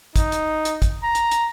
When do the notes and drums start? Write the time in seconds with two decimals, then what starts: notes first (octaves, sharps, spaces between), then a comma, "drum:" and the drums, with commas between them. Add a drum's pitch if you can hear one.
0.16 D#4, drum: kick, hi-hat
0.32 drum: hi-hat
0.65 drum: hi-hat
0.82 drum: kick, hi-hat
1.04 A#5
1.15 drum: hi-hat
1.31 drum: hi-hat